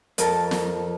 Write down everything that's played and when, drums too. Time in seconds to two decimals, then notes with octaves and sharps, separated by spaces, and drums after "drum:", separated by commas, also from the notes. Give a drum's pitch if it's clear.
0.18 F2 A#4 A5, drum: hi-hat
0.51 drum: snare